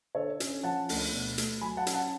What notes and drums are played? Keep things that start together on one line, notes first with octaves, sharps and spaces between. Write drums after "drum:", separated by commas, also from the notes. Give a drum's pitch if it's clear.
D3 A4 C#5
C#4, drum: hi-hat
F3 F#5 A5
D2, drum: open hi-hat
B2
A3, drum: hi-hat
F#3 G#5 B5
F#5 A5
C#4, drum: hi-hat
F#5 A5